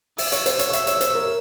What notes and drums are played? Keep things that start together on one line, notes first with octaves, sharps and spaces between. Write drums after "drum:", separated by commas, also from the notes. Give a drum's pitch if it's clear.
E5 E6, drum: open hi-hat
C#5, drum: hi-hat
C5, drum: hi-hat
C#5, drum: hi-hat
C#5
E5, drum: hi-hat
C#5, drum: hi-hat
C5, drum: hi-hat
A#4